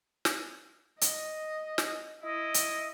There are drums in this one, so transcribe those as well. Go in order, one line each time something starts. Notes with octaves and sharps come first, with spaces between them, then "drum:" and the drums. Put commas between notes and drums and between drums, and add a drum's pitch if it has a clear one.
drum: snare
D#5, drum: hi-hat
drum: snare
E4 D#5
drum: hi-hat